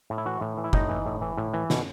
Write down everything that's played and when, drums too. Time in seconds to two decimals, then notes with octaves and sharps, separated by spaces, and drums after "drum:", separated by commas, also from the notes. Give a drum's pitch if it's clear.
0.10 A2
0.18 E4
0.25 E3 F#4
0.41 A2
0.57 E3
0.64 E4
0.73 A2 D#4, drum: kick
0.89 E3
1.06 A2
1.21 E3
1.37 A2
1.54 E3
1.70 B2, drum: snare